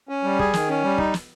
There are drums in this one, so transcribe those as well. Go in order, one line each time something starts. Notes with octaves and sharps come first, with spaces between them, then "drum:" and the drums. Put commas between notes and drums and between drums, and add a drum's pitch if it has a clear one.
C#4
G3
G#4, drum: kick
D#3, drum: snare
C#4
G3
D#4, drum: kick
drum: snare